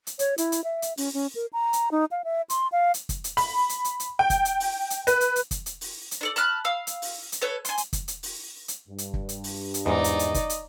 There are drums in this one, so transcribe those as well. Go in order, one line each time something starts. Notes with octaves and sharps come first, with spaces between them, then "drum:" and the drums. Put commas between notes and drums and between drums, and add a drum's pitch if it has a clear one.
drum: hi-hat
C#5, drum: hi-hat
E4, drum: hi-hat
drum: hi-hat
E5
drum: hi-hat
C#4, drum: open hi-hat
C#4
A#4
A#5
drum: hi-hat
D#4
F5
E5
C6, drum: hi-hat
F5
drum: hi-hat
drum: kick, hi-hat
drum: hi-hat
B5, drum: open hi-hat
drum: hi-hat
drum: hi-hat
drum: hi-hat
G5
drum: kick, hi-hat
drum: hi-hat
drum: open hi-hat
drum: hi-hat
B4, drum: hi-hat
drum: hi-hat
drum: hi-hat
drum: kick, hi-hat
drum: hi-hat
drum: open hi-hat
drum: hi-hat
D4 A4 D5
A5 B5 F6 F#6
F5 E6
drum: hi-hat
drum: open hi-hat
drum: hi-hat
A4 B4 C#5
G#5 C6, drum: hi-hat
drum: hi-hat
drum: kick, hi-hat
drum: hi-hat
drum: open hi-hat
drum: hi-hat
G2
drum: hi-hat
drum: kick
drum: hi-hat
drum: open hi-hat
drum: hi-hat
E2 G#2 D#4 D5 D#5
drum: hi-hat
drum: hi-hat
drum: kick, hi-hat
drum: hi-hat